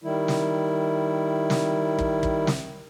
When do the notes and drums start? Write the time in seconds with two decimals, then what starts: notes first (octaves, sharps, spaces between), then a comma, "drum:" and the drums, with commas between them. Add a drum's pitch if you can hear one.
0.04 D#3 G3 E4
0.28 drum: snare
1.50 drum: snare
1.99 drum: kick
2.23 drum: kick
2.47 drum: snare